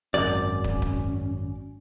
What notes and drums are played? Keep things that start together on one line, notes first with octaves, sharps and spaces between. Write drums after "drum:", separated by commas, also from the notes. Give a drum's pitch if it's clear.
G#1 F#2 C#4 D5
drum: kick
drum: kick